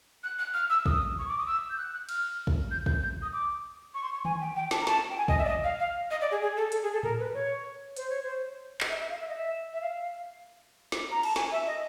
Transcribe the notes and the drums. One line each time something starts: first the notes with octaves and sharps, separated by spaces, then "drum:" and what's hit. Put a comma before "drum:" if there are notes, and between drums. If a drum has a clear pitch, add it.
F#6
F#6
F6
E6
D#6, drum: kick
C#6
D6
D#6
E6
G6
F#6
F#6
F6, drum: cymbal
drum: kick
G6
G6, drum: kick
G6
D#6
D6
C#6
C6
C#6
G#5, drum: tom D#3
G5
G5
A5, drum: snare
A#5
A5, drum: snare
G5
G#5
D#5, drum: kick
E5
D5
D#5
F5
F5
D#5
D5
G#4
G#4
A4
A4, drum: hi-hat
G#4
A4
A#4, drum: tom A2
B4
C#5
C5, drum: hi-hat
C#5
C5
D#5, drum: clap
E5
E5
F5
E5
D#5
E5
E5
F5
drum: snare
A#5
A5, drum: cymbal
G#5, drum: snare
E5
D#5